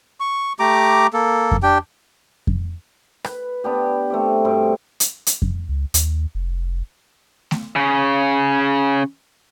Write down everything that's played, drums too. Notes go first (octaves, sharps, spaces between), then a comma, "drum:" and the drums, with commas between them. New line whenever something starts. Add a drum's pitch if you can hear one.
C#6
A3 G4 A#5 D6
A#3 A4
drum: kick F2
D4 G4 G5
drum: kick F2
B4, drum: rim click
B3 D4 G4
A3 C4 G4
G2 B2 C4
drum: hi-hat
drum: hi-hat
drum: kick F2
C#2
D#2, drum: hi-hat
F1
drum: snare A3
C#3 C#4